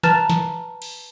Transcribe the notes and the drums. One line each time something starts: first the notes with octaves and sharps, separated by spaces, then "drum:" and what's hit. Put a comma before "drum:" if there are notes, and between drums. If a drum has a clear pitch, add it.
B4 A5 A#5 F6 A6 E7, drum: snare
drum: snare
drum: cymbal